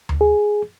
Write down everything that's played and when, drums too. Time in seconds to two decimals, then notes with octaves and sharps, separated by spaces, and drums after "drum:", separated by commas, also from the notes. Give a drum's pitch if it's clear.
0.09 drum: tom D2
0.21 G#4